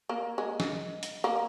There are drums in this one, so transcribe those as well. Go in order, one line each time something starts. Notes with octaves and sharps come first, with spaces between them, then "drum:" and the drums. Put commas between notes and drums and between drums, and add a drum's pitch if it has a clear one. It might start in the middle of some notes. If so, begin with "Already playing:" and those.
A#3
G#3
drum: snare
drum: hi-hat
A#3